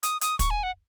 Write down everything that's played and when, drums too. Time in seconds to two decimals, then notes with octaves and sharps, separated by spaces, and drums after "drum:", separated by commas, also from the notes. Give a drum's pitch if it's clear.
0.03 D#6, drum: hi-hat
0.21 D#6, drum: hi-hat
0.39 C#6, drum: kick, hi-hat
0.50 G#5
0.63 F#5